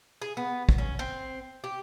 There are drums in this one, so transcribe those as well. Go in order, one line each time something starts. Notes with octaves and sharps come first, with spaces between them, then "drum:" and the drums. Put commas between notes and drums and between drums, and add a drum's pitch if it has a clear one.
G#4
B3
drum: kick
C#4
C4
G4